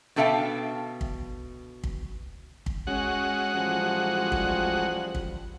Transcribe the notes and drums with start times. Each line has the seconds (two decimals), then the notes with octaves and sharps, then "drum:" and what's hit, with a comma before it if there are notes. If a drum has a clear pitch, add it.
0.16 B2 D4 A4 E5 F5 G5
1.01 drum: kick
1.84 drum: kick
2.66 drum: kick
2.87 G#3 C#4 F#4 F#5
3.54 A1 F3 G3
4.32 drum: kick
5.15 drum: kick